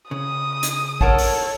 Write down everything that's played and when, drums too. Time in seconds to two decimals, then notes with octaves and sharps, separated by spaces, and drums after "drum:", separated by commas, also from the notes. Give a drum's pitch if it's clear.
0.11 C#3 D#6
0.63 drum: hi-hat
1.01 A4 A#4 C#5 F#5 A5, drum: kick
1.18 drum: open hi-hat